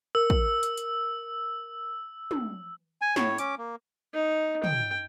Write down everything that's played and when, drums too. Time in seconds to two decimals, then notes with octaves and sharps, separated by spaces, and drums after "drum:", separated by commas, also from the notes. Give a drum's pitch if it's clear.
0.15 A#4 E6
0.30 drum: kick
0.63 drum: hi-hat
0.77 drum: hi-hat
2.31 drum: tom
3.02 G#5
3.16 A2 C#5, drum: snare
3.38 C#4 D6, drum: hi-hat
3.58 A#3
4.14 D#4
4.64 G5, drum: tom